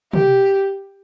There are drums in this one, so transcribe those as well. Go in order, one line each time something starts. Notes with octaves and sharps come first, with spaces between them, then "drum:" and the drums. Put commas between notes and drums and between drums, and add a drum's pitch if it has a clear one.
G4, drum: tom